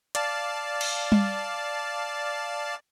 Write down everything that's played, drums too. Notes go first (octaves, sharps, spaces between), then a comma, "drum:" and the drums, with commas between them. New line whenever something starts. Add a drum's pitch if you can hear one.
D5 F5 A5, drum: hi-hat
drum: cymbal
drum: tom G3